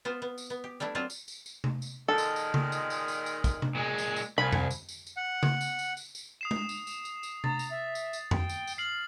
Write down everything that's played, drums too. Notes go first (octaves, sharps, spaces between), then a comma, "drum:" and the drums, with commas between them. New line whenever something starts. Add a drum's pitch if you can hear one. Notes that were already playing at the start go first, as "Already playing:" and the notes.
B3 F4 C5
B3
drum: tambourine
B3
G4
G3 A3 D4 E4
F#3 C4 D4 F4 C5
drum: tambourine
drum: tambourine
drum: tambourine
drum: tom C3
drum: tambourine
A#2 D#3 G#3 A4
drum: tambourine
drum: tambourine
drum: tom C#3
drum: tambourine
drum: tambourine
drum: tambourine
drum: tambourine
drum: kick, tambourine
drum: tom C3
A#2 G#3
drum: tambourine
drum: tambourine
C2 A#2 F4 G#5 B5
drum: tom F2
drum: tambourine
drum: tambourine
drum: tambourine
F#5
drum: tom C#3
drum: tambourine
drum: tambourine
drum: tambourine
drum: tambourine
D#6 C7 E7
drum: tom G#3
drum: tambourine
drum: tambourine
drum: tambourine
drum: tambourine
A#5 A6, drum: tom C3
drum: tambourine
E5
drum: tambourine
drum: tambourine
G5, drum: tom F2
drum: tambourine
drum: tambourine
F6 C7 F#7